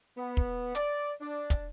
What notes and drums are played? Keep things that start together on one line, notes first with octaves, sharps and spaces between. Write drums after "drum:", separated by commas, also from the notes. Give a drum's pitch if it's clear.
B3
drum: kick
D5, drum: hi-hat
D4
drum: kick, hi-hat